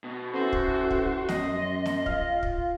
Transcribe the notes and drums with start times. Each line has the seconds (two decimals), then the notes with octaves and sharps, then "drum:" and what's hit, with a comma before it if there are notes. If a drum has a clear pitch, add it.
0.04 B2
0.33 E3 C#4 F#4 A4 C5 C6
0.53 drum: kick
0.91 drum: kick
1.29 F#2 D#5, drum: snare
1.86 drum: snare
2.06 F4 F5, drum: kick
2.43 drum: kick